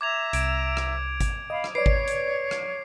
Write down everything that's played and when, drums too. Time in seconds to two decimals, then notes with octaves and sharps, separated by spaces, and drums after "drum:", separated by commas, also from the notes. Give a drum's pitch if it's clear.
0.01 E5 A#5 D6 G#6 F7
0.33 C2 G#6 D7, drum: hi-hat
0.77 drum: rim click
1.20 drum: kick G#1, hi-hat
1.50 D#5 F5 B5
1.64 drum: rim click
1.75 B4 C#5 D5 C7 D7
1.86 drum: kick G#1
2.08 drum: hi-hat
2.51 drum: rim click